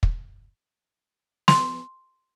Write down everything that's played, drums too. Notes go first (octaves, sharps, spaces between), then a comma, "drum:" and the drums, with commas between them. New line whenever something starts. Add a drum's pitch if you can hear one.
drum: kick
C6, drum: snare